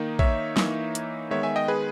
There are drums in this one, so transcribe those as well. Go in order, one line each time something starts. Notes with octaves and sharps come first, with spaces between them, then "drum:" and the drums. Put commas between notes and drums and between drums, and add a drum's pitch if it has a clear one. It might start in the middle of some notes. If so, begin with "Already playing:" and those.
Already playing: D#3 A#3 D#4
C#5 E5, drum: kick
E3 A#3 D#4, drum: snare
drum: hi-hat
D#3 G#3 B3 C#5 E5
E5 G#5
D#5 G5
G#4 B4